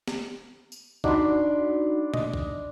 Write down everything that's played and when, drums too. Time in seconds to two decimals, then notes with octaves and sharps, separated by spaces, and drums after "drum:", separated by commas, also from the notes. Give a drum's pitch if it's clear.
0.08 drum: snare
0.72 drum: tambourine
1.04 D4 D#4 F#4 B5 C6, drum: kick
2.14 D#5, drum: tom A#2
2.34 drum: kick